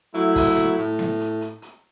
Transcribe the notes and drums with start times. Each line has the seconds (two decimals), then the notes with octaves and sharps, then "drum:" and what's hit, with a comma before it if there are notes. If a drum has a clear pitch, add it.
0.14 F#3 A3 E4, drum: hi-hat
0.36 drum: kick, open hi-hat
0.57 drum: snare B3
0.78 A2
0.99 drum: snare B3
1.20 drum: hi-hat
1.41 drum: hi-hat
1.62 drum: hi-hat